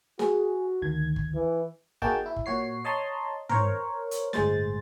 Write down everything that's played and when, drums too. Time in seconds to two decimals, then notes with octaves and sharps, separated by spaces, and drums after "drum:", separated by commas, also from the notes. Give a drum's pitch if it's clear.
0.19 F#4 G#4, drum: snare
0.82 D2 D#3 G#6
1.16 drum: kick G1
1.34 E3
2.02 A#3 D#4 F#4 G#4 G5 A5, drum: kick G1
2.26 E4
2.36 drum: kick G1
2.46 A#2 F#4 C#5 C7
2.85 C#5 D#5 A5 A#5 C6
3.49 A#4 C5 C#5, drum: tom
4.11 drum: hi-hat
4.33 G1 A2 G#3 C5 A6, drum: snare